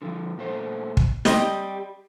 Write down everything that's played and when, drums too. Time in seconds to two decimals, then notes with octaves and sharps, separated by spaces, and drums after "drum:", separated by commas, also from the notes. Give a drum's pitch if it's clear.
0.02 D3 E3 F3
0.38 A#2 A3 C5
0.97 drum: kick
1.25 G3 C4 G4 D#5, drum: snare